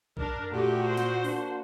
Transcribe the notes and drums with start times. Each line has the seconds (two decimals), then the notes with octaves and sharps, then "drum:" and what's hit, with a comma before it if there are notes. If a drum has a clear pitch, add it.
0.17 D4 A#4, drum: kick A#1
0.36 drum: tom F2
0.52 A#2 A3 F#4 G4
0.86 C5
0.97 drum: snare
1.24 A#3 D4, drum: open hi-hat